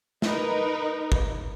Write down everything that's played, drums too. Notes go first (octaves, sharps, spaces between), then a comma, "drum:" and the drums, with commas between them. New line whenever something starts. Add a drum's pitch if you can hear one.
D#4 A#4 B4, drum: snare
drum: kick